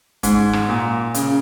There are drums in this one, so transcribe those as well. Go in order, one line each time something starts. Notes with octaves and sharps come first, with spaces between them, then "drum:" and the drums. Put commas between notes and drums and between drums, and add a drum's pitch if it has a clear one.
G#2, drum: kick, hi-hat
drum: rim click
A#2
C#3, drum: hi-hat